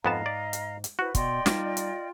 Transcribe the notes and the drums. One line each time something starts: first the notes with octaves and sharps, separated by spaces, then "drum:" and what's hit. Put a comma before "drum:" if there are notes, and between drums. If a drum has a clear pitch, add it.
F2 G#2 B3 D#5 F5 A5 A#5
D5
drum: hi-hat
drum: hi-hat
E4 F#4 B4 C5
B2 D5 D#5 G5 C6, drum: kick, hi-hat
G3 D#4 F4, drum: snare
drum: hi-hat